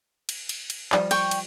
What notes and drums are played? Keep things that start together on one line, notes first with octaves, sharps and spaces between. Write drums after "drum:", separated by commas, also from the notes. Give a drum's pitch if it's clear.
drum: cymbal
drum: cymbal
drum: cymbal
F3 G3 F4, drum: clap
G5 C#6, drum: cymbal
drum: cymbal